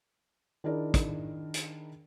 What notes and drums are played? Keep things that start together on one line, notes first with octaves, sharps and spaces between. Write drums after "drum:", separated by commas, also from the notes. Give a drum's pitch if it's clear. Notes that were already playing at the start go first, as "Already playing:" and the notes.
D#3 D4 E4 G#4 A#4 D5
drum: kick, hi-hat
drum: hi-hat